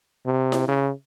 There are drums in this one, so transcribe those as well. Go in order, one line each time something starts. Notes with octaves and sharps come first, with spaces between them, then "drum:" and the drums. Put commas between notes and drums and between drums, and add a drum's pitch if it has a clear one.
C3
drum: snare E4
C#3